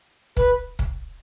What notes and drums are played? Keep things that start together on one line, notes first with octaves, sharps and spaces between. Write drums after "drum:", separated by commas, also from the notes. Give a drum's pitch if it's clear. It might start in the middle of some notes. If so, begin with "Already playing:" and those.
B4, drum: kick
drum: kick